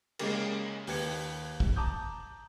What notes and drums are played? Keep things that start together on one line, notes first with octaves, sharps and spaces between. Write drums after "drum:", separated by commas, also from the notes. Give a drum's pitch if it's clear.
C#3 G#3 A#3 G4 A#4, drum: cymbal
D#2 G4 B4 G#6 C#7, drum: open hi-hat
drum: kick
A5 A#5 D6 D#6 G6